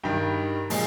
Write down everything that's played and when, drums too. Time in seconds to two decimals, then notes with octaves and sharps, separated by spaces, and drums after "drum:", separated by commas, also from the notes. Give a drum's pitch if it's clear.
0.04 G2 D#3 G3 G5
0.70 A#2 F3 G#3 D#4, drum: open hi-hat